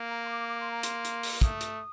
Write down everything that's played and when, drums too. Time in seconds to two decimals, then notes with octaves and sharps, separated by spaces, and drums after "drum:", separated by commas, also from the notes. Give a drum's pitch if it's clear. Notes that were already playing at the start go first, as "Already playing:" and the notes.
Already playing: A#3
0.10 A#5
0.26 C6
0.29 D6
0.49 D6
0.61 C6
0.71 A#5
0.83 C6, drum: hi-hat
1.04 drum: hi-hat
1.23 drum: open hi-hat
1.41 A3 D#6, drum: kick, hi-hat
1.60 drum: hi-hat